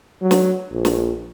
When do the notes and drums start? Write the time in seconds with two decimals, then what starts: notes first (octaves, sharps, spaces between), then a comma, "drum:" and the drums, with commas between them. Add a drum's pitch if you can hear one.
0.22 F#3
0.31 drum: snare
0.71 A#1
0.85 drum: snare